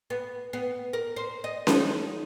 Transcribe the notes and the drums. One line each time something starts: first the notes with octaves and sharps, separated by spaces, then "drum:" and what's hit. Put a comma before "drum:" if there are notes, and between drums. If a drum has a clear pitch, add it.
B3
B3
A#4
C5
D#5
D#4, drum: snare C#4